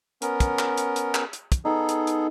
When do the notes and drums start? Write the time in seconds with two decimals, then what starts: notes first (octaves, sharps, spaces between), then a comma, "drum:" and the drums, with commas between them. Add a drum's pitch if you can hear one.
0.22 B3 C#4 A#4, drum: hi-hat
0.40 drum: kick, hi-hat
0.59 drum: clap
0.77 drum: hi-hat
0.96 drum: hi-hat
1.15 drum: clap
1.33 drum: hi-hat
1.52 drum: kick, hi-hat
1.65 B3 D#4 G#4 A4
1.89 drum: hi-hat
2.07 drum: hi-hat